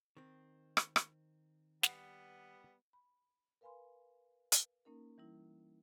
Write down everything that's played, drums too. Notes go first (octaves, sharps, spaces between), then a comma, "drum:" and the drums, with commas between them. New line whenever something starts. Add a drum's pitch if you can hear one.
D#3 C4
drum: rim click
drum: rim click
G3 B3 F#5, drum: snare
B5
A#4 B4 F5 G#5 B5 C6
drum: hi-hat
A#3 C#4 D#4 A#4
E3 G3 E4